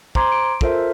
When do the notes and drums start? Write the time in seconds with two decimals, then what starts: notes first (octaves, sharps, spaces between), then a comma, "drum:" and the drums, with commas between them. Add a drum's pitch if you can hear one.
0.15 C5 A#5 C6 D6 G#6, drum: kick
0.32 D7
0.61 F4 A4 A#4 C5 E5, drum: kick